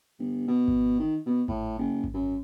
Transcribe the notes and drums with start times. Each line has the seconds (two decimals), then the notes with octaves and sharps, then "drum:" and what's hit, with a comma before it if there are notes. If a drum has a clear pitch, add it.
0.19 G1
0.48 B2
0.68 drum: kick G#1
1.00 D#3
1.26 B2
1.48 A2, drum: kick G#1
1.79 F#1
2.04 drum: kick G#1
2.14 F#2